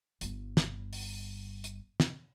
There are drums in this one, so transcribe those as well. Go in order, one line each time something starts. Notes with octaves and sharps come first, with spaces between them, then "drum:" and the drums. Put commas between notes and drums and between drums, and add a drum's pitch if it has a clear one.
G1 G2, drum: hi-hat
drum: snare
drum: open hi-hat
drum: hi-hat
drum: snare